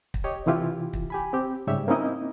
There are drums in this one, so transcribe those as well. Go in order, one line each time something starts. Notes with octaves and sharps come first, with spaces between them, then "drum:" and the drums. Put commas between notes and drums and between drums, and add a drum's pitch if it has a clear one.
drum: kick
G4 C#5 D#5
C3 E3 E4 F4 G4
drum: kick
G4 G#5 B5
C4 G4
G#2 C#3 G3 G4 C#5 E5
A#3 C4 C#4 D#4 E4 D#5